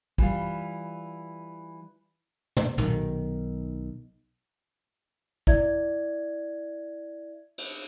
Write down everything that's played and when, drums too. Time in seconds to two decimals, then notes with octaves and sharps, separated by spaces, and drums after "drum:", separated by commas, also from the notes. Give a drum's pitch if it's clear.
0.18 E3 G3 F4, drum: kick
2.57 drum: tom
2.78 B1 D#3, drum: tom
5.47 E4 D5 E5 G#6, drum: kick
7.58 drum: cymbal